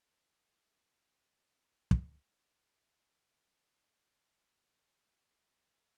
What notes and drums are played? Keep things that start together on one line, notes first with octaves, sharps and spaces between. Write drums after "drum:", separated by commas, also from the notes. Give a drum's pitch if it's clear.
C4 E4 B4
F2 C3 C5
G#4
G4
F3 C4 D4 D#4 C5
drum: kick
D#4 G#4
D4 B4